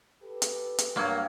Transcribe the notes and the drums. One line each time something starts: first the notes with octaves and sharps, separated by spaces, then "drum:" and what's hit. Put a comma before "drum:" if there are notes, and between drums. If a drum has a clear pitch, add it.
G4 A4 B4
drum: hi-hat
drum: hi-hat
G2 F#3 A#3 C#5